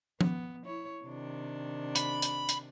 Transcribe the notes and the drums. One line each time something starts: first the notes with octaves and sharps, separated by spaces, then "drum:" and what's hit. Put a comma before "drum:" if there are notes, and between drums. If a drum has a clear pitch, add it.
B3, drum: tom F3
E4 C#5
C3 D#3 D4
B5, drum: hi-hat
drum: hi-hat
drum: hi-hat